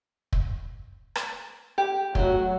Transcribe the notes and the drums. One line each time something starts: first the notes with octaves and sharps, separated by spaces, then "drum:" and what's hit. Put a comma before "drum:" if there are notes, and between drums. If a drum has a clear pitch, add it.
drum: kick
drum: rim click
G4
F#3 A3 F#4, drum: kick